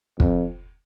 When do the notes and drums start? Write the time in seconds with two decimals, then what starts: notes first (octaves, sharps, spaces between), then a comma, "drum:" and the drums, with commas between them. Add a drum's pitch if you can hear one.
0.20 F2, drum: kick